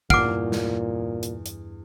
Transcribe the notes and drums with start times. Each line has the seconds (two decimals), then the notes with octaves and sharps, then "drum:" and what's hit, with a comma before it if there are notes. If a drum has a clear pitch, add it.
0.10 E2 G2 A#2 F#5 D6 F6 D7, drum: kick
0.52 drum: snare
1.23 drum: hi-hat
1.46 drum: hi-hat